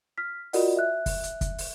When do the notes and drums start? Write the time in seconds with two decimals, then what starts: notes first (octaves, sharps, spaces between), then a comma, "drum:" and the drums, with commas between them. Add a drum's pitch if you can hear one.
0.18 F6 B6
0.53 F4 F#4 A#4 D5 D#5 F#5, drum: open hi-hat
0.76 E5 F#6
1.06 drum: kick, open hi-hat
1.23 drum: hi-hat
1.41 drum: kick, hi-hat
1.58 drum: open hi-hat